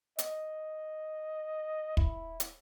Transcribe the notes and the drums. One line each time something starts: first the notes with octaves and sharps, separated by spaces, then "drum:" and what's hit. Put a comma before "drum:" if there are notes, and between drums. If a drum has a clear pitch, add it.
D#5, drum: hi-hat
E4, drum: kick
drum: hi-hat